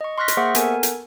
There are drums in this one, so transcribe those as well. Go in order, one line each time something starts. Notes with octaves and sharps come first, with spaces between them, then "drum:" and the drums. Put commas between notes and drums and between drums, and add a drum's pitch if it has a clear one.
D#5 C#6
C6 C#6 F6 F#6 A#6 B6
drum: hi-hat
A#3 G#4 C5 E5 F#5 C#6
B3 A4 A#4 G#5, drum: hi-hat
drum: hi-hat